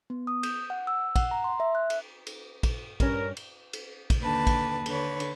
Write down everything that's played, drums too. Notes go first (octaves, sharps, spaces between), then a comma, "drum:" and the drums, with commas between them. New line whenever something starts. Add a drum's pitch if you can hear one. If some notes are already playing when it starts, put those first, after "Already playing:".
B3
D#6
G6, drum: cymbal
F#5
E6
F#5, drum: kick, cymbal
A#5
C6
E5
F#6
drum: cymbal
drum: cymbal
drum: kick, cymbal
G2 C#4 A#4, drum: kick, cymbal
drum: cymbal
drum: cymbal
drum: kick, cymbal
D#2 D3 B4 A5
drum: kick, cymbal
D3 B4 C#5, drum: cymbal
drum: cymbal